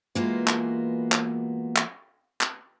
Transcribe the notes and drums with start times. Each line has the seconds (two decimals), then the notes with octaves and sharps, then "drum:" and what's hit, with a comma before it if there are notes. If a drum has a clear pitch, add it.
0.15 E3 G#3 A#3 B3 F4 F#4
0.48 drum: clap
1.12 drum: clap
1.76 drum: clap
2.41 drum: clap